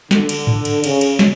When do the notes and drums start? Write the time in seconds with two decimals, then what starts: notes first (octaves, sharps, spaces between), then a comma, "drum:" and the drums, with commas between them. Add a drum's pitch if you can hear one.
0.11 D3, drum: snare
0.29 drum: cymbal
0.47 drum: tom G#2
0.65 drum: cymbal
0.84 C#3, drum: cymbal
1.01 drum: cymbal
1.19 drum: snare